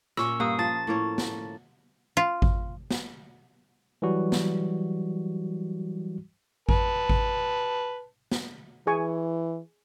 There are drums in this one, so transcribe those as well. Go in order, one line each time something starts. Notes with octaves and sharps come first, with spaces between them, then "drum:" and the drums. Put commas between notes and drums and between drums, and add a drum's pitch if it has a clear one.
A#2 C#4 C#6 E6, drum: rim click
G2 A#3 A#4 F5 F#5 D#6
F3 A5 A6
A2 A#3 C#5
drum: snare
F4
drum: kick G#1
drum: snare
E3 F#3 G3 F#4
drum: snare
B4 A5, drum: kick G#1
drum: kick G#1
drum: snare
E3 G#4 G#5 C#6